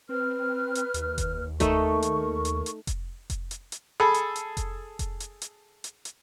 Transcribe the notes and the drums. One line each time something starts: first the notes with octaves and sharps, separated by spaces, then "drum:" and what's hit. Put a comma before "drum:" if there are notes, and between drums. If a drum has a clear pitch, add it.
C4 B4 F6
drum: hi-hat
D#2, drum: hi-hat
drum: kick F1, hi-hat
A3 D#4 A4 A#4 C#6, drum: kick F1, hi-hat
drum: hi-hat
drum: hi-hat
drum: hi-hat
drum: kick F1, hi-hat
drum: kick F1, hi-hat
drum: hi-hat
drum: hi-hat
G#4 A4 B5
drum: hi-hat
drum: hi-hat
drum: kick F1, hi-hat
drum: kick F1, hi-hat
drum: hi-hat
drum: hi-hat
drum: hi-hat
drum: hi-hat